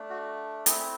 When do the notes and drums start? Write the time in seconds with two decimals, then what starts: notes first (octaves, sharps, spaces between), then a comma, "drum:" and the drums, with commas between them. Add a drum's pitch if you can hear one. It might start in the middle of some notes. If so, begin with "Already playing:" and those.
Already playing: A3 D4
0.10 F#4
0.66 A3 C4 E4 G#4, drum: hi-hat